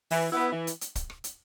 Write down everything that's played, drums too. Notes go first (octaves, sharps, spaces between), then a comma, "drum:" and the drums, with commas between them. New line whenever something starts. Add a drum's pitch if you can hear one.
E3, drum: open hi-hat
B3 E4
E3
drum: hi-hat
drum: hi-hat
drum: kick, hi-hat
drum: rim click
drum: hi-hat